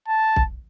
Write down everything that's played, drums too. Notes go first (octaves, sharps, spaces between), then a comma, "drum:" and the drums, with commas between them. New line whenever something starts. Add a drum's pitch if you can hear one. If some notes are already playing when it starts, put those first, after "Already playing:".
A5
drum: kick